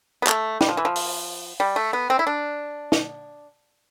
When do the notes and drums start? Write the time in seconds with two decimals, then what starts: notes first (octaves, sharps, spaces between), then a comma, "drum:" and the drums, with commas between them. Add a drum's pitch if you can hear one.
0.22 B3
0.27 A3, drum: clap
0.61 G3, drum: snare
0.69 F3
0.77 E3
0.85 F3
0.96 drum: open hi-hat
1.60 G3
1.76 A3
1.93 B3
2.10 C4
2.19 E4
2.27 D4
2.92 drum: snare